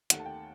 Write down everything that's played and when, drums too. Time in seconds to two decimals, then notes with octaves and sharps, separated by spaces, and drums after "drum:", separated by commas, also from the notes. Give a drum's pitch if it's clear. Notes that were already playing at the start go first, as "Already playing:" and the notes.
0.10 D#2 D#3 A3 F#5, drum: hi-hat
0.19 A5
0.26 G5